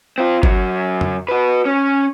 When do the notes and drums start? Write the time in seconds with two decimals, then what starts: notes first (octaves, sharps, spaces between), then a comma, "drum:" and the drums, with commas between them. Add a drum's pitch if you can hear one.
0.18 C4 F4
0.43 F#2 F#3, drum: kick G1
1.01 drum: tom F2
1.28 F#4 B4
1.65 C#4